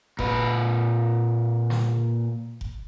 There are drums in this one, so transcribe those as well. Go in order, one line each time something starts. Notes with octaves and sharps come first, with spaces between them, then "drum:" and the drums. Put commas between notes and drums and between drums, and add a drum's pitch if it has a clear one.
A#2 B4, drum: kick F1
drum: snare
drum: kick F1